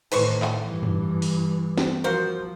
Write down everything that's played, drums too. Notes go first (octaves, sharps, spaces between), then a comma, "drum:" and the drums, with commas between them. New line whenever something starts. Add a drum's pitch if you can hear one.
A2 D#3 B4 C5 C#6, drum: cymbal
drum: clap
G2 E3
drum: tom F#2
drum: open hi-hat
drum: snare
F3 A#3 F#4 C5